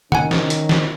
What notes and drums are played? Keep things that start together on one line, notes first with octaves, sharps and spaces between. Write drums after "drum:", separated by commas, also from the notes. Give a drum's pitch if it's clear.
D#3 C#4 F#5 G#5, drum: tom C3
drum: snare
drum: hi-hat
drum: snare